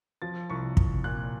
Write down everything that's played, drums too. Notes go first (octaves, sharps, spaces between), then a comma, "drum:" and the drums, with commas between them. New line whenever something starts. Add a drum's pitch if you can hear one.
F3 A6
C2 C#6
C2, drum: kick
A#2 F#6